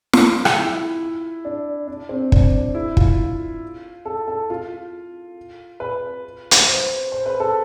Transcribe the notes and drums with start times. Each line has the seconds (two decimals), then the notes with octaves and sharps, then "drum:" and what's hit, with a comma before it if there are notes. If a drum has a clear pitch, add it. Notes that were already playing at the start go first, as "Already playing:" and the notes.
0.13 F4, drum: snare
0.45 drum: rim click
0.57 E4
1.45 D4
1.88 D4
2.09 C4
2.32 D4, drum: kick
2.75 E4
2.97 F4, drum: kick
4.05 A4
4.27 A4
4.50 F4
5.80 B4
6.51 drum: hi-hat
6.67 C5
7.12 C5
7.26 B4
7.40 A4